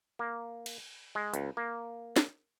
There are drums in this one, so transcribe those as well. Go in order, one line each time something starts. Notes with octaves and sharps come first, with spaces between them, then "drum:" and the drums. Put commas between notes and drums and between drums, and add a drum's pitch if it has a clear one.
A#3
drum: cymbal
G#3
C#2, drum: hi-hat
A#3
drum: snare